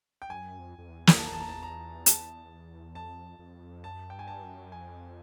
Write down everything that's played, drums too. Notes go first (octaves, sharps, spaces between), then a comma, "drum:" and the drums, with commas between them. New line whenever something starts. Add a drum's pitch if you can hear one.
G5
F#2 G#5
F2
F2
E2
drum: snare
A5
A#5
A5
A#5
A5
A#5
A5, drum: hi-hat
F2 A5
F2
F#2 A5
G2 G5
G#5
A5
F#2
F2 G#5